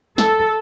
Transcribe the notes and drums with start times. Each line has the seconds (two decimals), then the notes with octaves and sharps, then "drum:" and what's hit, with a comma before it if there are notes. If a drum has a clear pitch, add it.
0.18 A4, drum: snare